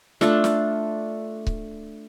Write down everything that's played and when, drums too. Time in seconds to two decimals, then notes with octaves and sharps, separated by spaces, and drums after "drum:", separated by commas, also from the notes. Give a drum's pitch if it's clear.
0.21 A3 D4 F4 A4, drum: snare
0.44 drum: snare
1.47 drum: kick C#1